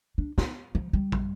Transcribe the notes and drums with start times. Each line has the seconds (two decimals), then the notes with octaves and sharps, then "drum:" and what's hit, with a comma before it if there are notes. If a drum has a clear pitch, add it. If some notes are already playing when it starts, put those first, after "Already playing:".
0.18 D4
0.38 D#4, drum: snare
0.75 F3
0.93 G3
1.12 drum: kick